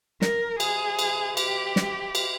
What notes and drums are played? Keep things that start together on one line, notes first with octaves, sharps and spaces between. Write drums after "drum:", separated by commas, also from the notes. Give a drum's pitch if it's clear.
A#4, drum: snare
G#4, drum: cymbal
drum: cymbal
G4, drum: cymbal
drum: snare
drum: cymbal